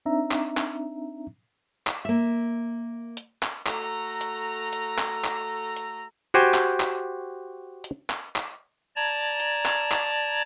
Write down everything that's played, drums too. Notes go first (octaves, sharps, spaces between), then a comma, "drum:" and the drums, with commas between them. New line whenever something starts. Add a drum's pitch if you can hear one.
C4 D4 D#4 E5 A#5
drum: clap
drum: clap
drum: clap
A#3 E5
drum: hi-hat
drum: clap
A3 F#4 A4 A#5, drum: clap
drum: hi-hat
drum: hi-hat
drum: clap
drum: clap
drum: hi-hat
F#4 G4 C5 G5 G#5
drum: clap
drum: clap
drum: hi-hat
drum: clap
drum: clap
D5 A5 A#5 G#6
drum: hi-hat
drum: clap
drum: clap